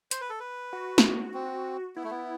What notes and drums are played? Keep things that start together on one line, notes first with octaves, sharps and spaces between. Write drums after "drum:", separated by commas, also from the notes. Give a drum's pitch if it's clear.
C5, drum: hi-hat
B4
A4
B4
F#4
drum: snare
C4
B3 E4
A3
B3